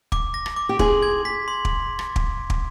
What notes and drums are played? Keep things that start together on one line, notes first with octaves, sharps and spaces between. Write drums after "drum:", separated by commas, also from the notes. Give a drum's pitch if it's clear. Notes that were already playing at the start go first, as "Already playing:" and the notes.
D6, drum: kick
A#6
drum: rim click
D6
G4
G#4 C6, drum: kick
G#6
B6
C6
drum: kick
drum: rim click
drum: kick
drum: kick